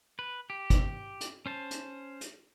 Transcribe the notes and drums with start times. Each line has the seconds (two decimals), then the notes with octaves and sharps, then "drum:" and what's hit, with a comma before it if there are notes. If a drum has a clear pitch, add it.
0.19 B4
0.50 G4
0.70 drum: kick, hi-hat
1.21 drum: hi-hat
1.46 C#4 C5 A5
1.71 drum: hi-hat
2.21 drum: hi-hat